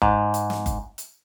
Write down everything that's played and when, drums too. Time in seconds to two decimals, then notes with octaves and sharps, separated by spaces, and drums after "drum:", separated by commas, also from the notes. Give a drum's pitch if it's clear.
0.02 G#2, drum: kick F#1
0.34 drum: hi-hat
0.50 drum: snare
0.66 drum: kick F#1, hi-hat
0.98 drum: hi-hat